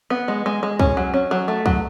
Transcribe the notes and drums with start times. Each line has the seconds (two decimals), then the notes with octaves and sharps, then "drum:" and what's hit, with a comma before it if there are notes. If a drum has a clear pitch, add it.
0.10 B3
0.28 G#3
0.46 G#3
0.63 G#3
0.79 C#4, drum: kick
0.97 F#3
1.14 C#4
1.31 F#3
1.48 A3
1.66 F#3, drum: kick